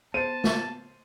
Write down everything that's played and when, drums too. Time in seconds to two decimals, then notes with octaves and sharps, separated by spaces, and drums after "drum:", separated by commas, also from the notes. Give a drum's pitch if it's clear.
0.14 B3 C5 A5 D#7
0.44 drum: snare